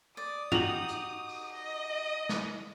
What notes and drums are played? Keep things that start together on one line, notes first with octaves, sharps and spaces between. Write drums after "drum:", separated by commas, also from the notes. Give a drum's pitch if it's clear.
D5 D#6
D#4 F#4 G4 F7 F#7, drum: tom
drum: hi-hat
drum: open hi-hat
D#5
drum: snare